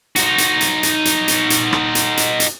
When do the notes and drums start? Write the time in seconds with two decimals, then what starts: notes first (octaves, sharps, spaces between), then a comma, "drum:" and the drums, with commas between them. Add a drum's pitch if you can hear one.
0.16 D#4 F#4, drum: hi-hat
0.38 drum: hi-hat
0.61 drum: hi-hat
0.83 drum: hi-hat
1.05 drum: hi-hat
1.28 drum: hi-hat
1.50 drum: hi-hat
1.73 drum: rim click
1.95 drum: hi-hat
2.17 drum: hi-hat
2.40 drum: hi-hat